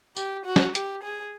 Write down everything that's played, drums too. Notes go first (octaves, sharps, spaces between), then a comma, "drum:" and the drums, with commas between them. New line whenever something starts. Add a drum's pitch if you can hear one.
G4, drum: tambourine
F#4
drum: snare
G4, drum: hi-hat
G#4